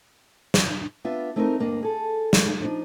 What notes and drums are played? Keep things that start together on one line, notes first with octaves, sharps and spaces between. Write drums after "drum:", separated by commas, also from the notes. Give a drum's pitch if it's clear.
drum: snare
B3 D4 F4 B4 E5 F5
A3 C4 D#4 E4 A4 A#4
D2 G2 A#3 D4 D#5
G#4 A4
G#3, drum: snare
F3 D4 D#4